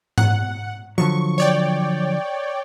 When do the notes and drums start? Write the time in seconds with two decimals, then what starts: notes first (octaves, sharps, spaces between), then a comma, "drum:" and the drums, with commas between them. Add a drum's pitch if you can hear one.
0.18 F#5, drum: tom G#2
0.98 D3 F3 F#3 C#6
1.38 C#5 D5 G5